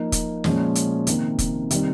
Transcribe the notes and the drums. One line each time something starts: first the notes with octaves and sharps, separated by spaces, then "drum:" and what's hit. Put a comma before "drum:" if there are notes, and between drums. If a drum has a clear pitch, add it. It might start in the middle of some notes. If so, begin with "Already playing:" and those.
Already playing: F3 A#3 D#4
drum: kick, hi-hat
A#2 F3 G#3 C#4, drum: snare
drum: hi-hat
C3 D#3 A#3, drum: hi-hat
drum: kick, hi-hat
C3 D#3 G3, drum: hi-hat